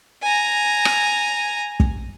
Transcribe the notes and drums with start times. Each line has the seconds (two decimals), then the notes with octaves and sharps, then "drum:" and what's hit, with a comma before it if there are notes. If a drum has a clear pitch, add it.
0.22 G#5 A#5
0.85 drum: rim click
1.80 drum: kick